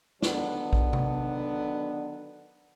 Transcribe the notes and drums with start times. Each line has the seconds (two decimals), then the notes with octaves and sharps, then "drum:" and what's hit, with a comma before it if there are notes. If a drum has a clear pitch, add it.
0.22 D3 D#3 F#3 B3 D4, drum: snare
0.73 drum: kick
0.93 drum: tom C3